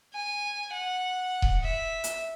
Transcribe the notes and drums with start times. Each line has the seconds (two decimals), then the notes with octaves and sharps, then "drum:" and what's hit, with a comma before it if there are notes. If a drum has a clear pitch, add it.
0.14 G#5
0.73 F#5
1.42 drum: kick D#1
1.62 E5
2.04 drum: hi-hat